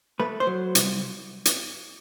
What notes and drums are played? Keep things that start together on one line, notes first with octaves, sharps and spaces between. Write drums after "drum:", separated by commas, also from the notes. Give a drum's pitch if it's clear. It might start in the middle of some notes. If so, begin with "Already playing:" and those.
A3 B4
C5
F#3
C2, drum: hi-hat
drum: hi-hat